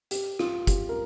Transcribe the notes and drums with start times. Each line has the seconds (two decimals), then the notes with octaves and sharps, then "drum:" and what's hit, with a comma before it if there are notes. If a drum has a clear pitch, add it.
0.11 G4, drum: hi-hat
0.39 F4, drum: rim click
0.67 G4, drum: kick, hi-hat
0.89 A#4